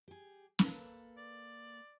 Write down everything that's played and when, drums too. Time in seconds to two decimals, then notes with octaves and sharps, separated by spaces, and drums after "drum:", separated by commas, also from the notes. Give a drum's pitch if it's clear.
0.08 G4 G#4
0.59 A#3 A4 B4, drum: snare
1.18 D5